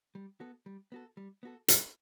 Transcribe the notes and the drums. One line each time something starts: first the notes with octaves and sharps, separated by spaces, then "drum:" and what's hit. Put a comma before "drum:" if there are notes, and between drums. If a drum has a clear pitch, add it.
G3
B3 F#4 A4
G3
B3 F#4 A4
G3
B3 F#4 A4
G3, drum: hi-hat